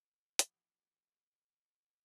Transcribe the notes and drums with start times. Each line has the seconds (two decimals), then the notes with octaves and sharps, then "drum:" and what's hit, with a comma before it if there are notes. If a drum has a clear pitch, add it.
0.39 E2 A2 F3 G4, drum: hi-hat